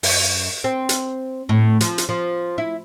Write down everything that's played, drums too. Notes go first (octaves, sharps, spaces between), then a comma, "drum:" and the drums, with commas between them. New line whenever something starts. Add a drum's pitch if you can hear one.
F#2, drum: open hi-hat
C4
drum: hi-hat
A2
F3, drum: hi-hat
drum: hi-hat
F3
E4